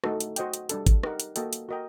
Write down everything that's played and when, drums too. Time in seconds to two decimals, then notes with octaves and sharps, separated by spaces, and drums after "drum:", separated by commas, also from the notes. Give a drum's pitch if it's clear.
0.04 A3 D#4 F#4 A4, drum: rim click
0.20 drum: hi-hat
0.36 F#4 C5 D#5 G5, drum: hi-hat
0.53 drum: hi-hat
0.69 G3 D4 A4, drum: hi-hat
0.87 drum: kick, hi-hat
1.03 D#4 G4 A#4 F#5, drum: rim click
1.20 drum: hi-hat
1.36 A#3 F#4 A4 D#5 G5, drum: hi-hat
1.53 drum: hi-hat
1.69 F#4 A#4 D#5 G5